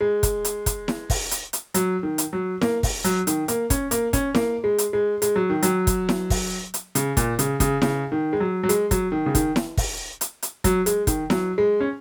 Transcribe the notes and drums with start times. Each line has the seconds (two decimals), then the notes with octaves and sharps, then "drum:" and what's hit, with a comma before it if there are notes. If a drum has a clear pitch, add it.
0.01 G#3
0.23 drum: kick, hi-hat
0.45 drum: hi-hat
0.66 drum: kick, hi-hat
0.88 drum: snare E4
1.10 drum: kick, open hi-hat
1.31 drum: hi-hat
1.53 drum: hi-hat
1.74 F#3, drum: hi-hat
2.03 D#3
2.18 drum: hi-hat
2.33 F#3
2.61 A#3, drum: snare E4
2.83 drum: kick, open hi-hat
3.04 F#3, drum: hi-hat
3.27 D#3, drum: hi-hat
3.48 A#3, drum: hi-hat
3.70 C#4, drum: kick, hi-hat
3.91 A#3, drum: hi-hat
4.13 C#4, drum: kick, hi-hat
4.35 A#3, drum: snare E4
4.64 G#3
4.78 drum: hi-hat
4.93 G#3
5.22 G#3, drum: hi-hat
5.36 F#3
5.50 D#3
5.63 F#3, drum: hi-hat
5.87 drum: kick, hi-hat
6.09 drum: snare E4
6.30 drum: kick, open hi-hat
6.74 drum: hi-hat
6.95 C#3, drum: hi-hat
7.17 A#2, drum: kick, hi-hat
7.39 C#3, drum: hi-hat
7.60 C#3, drum: kick, hi-hat
7.82 C#3, drum: snare E4
8.12 D#3
8.33 G#3
8.40 F#3
8.63 F#3
8.69 G#3, drum: hi-hat
8.91 F#3, drum: kick, hi-hat
9.12 D#3
9.26 C#3
9.35 D#3, drum: kick, hi-hat
9.56 drum: snare E4
9.77 drum: kick, open hi-hat
10.21 drum: hi-hat
10.42 drum: hi-hat
10.64 F#3, drum: kick, hi-hat
10.86 G#3, drum: hi-hat
11.07 D#3, drum: kick, hi-hat
11.30 F#3, drum: snare E4
11.58 G#3
11.80 C#4